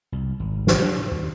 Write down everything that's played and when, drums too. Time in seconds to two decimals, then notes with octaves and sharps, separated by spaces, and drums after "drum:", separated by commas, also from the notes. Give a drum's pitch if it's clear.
0.12 C2
0.40 G#1
0.67 drum: snare
0.82 D4
1.11 D#2